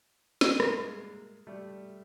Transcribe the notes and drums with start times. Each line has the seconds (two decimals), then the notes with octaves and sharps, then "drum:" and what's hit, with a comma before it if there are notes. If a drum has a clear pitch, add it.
0.41 G3 A3, drum: snare
0.60 G#3 A#3, drum: rim click
1.47 G3 A3